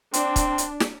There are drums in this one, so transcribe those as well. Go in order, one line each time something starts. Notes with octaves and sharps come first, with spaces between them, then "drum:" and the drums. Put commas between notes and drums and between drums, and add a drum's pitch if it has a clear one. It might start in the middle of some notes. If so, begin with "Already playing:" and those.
C4 D4, drum: hi-hat
drum: kick, hi-hat
drum: hi-hat
drum: snare